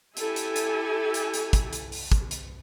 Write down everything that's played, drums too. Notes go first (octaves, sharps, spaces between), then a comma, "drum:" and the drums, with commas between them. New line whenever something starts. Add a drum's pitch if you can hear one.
E4 G4 A4 G#5, drum: hi-hat
drum: hi-hat
drum: hi-hat
drum: hi-hat
drum: hi-hat
drum: kick, hi-hat
drum: hi-hat
drum: open hi-hat
drum: kick, hi-hat
drum: hi-hat